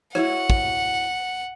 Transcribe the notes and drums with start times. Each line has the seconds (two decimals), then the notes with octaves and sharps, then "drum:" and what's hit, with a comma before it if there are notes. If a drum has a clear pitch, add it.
0.15 E4 F#4 C#5 F#5, drum: rim click
0.50 drum: kick